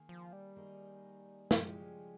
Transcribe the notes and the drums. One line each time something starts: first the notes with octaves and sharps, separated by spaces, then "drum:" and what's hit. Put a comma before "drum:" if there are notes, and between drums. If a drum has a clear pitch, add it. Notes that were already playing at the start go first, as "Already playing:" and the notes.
Already playing: D#3 A#3 G#4
F3
G3
D#3 A#3 D#4 G#4
C#3 F3 G#3 C#4 G4, drum: snare